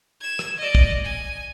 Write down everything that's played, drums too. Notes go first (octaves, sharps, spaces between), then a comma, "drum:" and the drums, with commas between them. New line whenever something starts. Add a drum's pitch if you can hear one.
G#6 E7
drum: rim click
D5 D#5
drum: kick
G#5